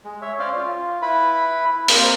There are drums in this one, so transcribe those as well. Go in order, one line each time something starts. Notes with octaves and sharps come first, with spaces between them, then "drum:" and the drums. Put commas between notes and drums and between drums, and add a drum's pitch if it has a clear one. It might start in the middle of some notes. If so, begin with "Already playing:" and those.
G#3
C#5 E5
C#4 C5 D5 F5
F4
E4 B4 B5
A#3 C4 F6, drum: open hi-hat